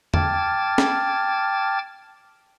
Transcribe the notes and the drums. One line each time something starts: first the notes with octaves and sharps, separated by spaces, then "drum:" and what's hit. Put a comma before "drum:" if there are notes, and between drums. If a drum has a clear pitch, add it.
G5 A5 D6 F6 G#6 A6, drum: tom E2
drum: snare